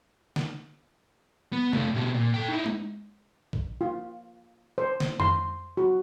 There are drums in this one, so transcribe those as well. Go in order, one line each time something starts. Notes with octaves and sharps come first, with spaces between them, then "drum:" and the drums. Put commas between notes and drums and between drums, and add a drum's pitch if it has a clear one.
drum: snare
B3
A3 F4, drum: tom C3
B2 G4
A#2
A4 G5
D#4 E4
drum: tom G#3
drum: kick A#1
F4
C5
drum: snare
C6, drum: tom F2
F#4